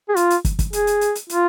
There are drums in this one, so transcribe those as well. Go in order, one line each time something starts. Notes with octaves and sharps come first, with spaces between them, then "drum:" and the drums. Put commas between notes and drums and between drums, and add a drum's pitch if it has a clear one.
G#4
F4, drum: hi-hat
drum: hi-hat
drum: kick, hi-hat
drum: kick, hi-hat
G#4, drum: hi-hat
drum: hi-hat
drum: hi-hat
drum: hi-hat
F4, drum: hi-hat